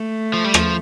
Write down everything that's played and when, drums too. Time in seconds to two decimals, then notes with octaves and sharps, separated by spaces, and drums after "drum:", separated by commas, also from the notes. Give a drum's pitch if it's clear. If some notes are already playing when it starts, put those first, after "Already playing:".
Already playing: A3
0.34 F3
0.44 G3
0.54 F3, drum: rim click